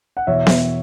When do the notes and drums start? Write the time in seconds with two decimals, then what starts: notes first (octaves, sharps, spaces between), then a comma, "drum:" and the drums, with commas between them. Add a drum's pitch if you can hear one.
0.17 F#5
0.27 E2 B2 C#5 E5
0.47 drum: snare B3